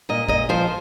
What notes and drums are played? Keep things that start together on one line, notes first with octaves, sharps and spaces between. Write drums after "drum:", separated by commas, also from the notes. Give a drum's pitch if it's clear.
A#2 D#5
A#2 D#5, drum: kick
F3 C5